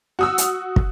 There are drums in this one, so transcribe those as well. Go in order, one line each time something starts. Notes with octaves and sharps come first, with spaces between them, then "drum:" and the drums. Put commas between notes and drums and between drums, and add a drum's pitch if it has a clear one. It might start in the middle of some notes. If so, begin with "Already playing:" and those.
F#4 D#6 E6
drum: hi-hat
drum: kick